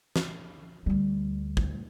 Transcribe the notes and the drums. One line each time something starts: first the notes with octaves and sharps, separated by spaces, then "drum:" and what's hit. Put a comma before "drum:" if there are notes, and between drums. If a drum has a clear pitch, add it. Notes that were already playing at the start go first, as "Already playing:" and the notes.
drum: snare
D2 G3
drum: kick